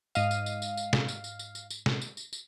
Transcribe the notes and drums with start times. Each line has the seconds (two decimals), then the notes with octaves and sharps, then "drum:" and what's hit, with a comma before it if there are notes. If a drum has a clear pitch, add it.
0.15 G#2 D#5 F5 D#7, drum: tambourine
0.31 drum: tambourine
0.46 drum: tambourine
0.62 drum: tambourine
0.77 drum: tambourine
0.93 drum: snare
1.08 drum: tambourine
1.24 drum: tambourine
1.39 drum: tambourine
1.55 drum: tambourine
1.70 drum: tambourine
1.86 drum: snare
2.02 drum: tambourine
2.17 drum: tambourine
2.33 drum: tambourine